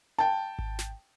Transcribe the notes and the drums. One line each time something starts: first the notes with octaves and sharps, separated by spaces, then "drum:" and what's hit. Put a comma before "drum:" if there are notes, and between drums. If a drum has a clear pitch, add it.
G5 A5
drum: kick G#1
drum: snare